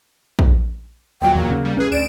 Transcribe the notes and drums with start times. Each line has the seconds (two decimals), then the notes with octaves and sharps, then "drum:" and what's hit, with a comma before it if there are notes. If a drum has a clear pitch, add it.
0.39 drum: kick
1.21 D#2 A#2 F#3 G5
1.35 E2 A#3
1.50 C#3
1.65 G3
1.77 A1 C#4 G#4 B4
1.92 D2 D5 D7 E7